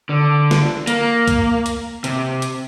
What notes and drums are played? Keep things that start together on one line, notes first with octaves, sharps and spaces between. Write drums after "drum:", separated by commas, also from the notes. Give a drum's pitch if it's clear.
D3
drum: snare
A#3, drum: hi-hat
drum: kick C#2, hi-hat
drum: hi-hat
C3, drum: hi-hat
drum: hi-hat